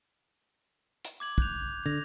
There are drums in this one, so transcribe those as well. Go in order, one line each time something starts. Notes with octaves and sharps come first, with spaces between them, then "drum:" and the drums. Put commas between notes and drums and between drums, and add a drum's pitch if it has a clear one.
drum: hi-hat
D6 G#6 F#7
F#6 G6 F7, drum: kick
D3 G#6 A#6 F7